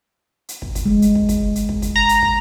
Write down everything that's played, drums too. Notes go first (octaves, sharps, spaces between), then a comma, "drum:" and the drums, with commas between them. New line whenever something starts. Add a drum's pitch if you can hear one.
drum: hi-hat
drum: kick
drum: kick, hi-hat
G#3
drum: hi-hat
drum: kick
drum: kick, hi-hat
drum: hi-hat
drum: kick
drum: kick, hi-hat
A#5
drum: hi-hat
drum: kick